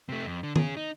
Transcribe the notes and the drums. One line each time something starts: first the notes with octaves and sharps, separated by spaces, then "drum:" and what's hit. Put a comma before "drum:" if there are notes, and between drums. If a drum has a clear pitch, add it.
C3 A3
F2
D3
C#4 G#4, drum: tom D#3
D#4